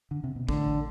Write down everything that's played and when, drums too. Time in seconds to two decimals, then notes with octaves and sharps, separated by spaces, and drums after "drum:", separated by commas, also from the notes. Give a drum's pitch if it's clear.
0.11 D3
0.24 C3
0.36 B2
0.49 A1 A2 D3, drum: kick